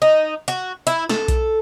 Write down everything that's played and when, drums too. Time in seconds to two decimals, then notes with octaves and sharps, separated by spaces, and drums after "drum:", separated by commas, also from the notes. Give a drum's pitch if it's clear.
0.02 D#4
0.48 F#4, drum: hi-hat
0.87 E4, drum: hi-hat
1.09 A4, drum: snare
1.28 drum: kick B1, hi-hat